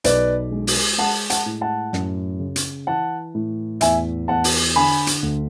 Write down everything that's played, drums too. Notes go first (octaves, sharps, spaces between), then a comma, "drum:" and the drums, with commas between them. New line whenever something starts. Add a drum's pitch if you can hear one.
B1 B4 D5, drum: hi-hat
G#3
drum: open hi-hat
G#3 F#5 A5
F#5 A5, drum: hi-hat
A2
F#5 A5
F#2, drum: snare
C#3
drum: hi-hat
E3 F#5 A5
A2
E2 E5 G#5, drum: hi-hat
E2 F#5 A5
drum: open hi-hat
D3 G#5 B5
drum: hi-hat
D2